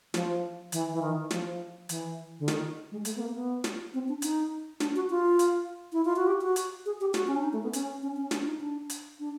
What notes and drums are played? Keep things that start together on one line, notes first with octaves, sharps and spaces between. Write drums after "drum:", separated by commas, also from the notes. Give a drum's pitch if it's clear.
F3, drum: snare
E3, drum: hi-hat
E3
D#3
F3, drum: snare
E3, drum: hi-hat
D3
D#3, drum: snare
G#3
A3, drum: hi-hat
B3
A#3
B3
drum: snare
C4
D4
D#4, drum: hi-hat
D4, drum: snare
F#4
F4
drum: hi-hat
E4
F4
F#4
G4
F#4
drum: hi-hat
G#4
G4
F#4, drum: snare
C#4
D4
D#4
A3
B3
C#4, drum: hi-hat
C#4
C#4
D4, drum: snare
D#4
D4
drum: hi-hat
D4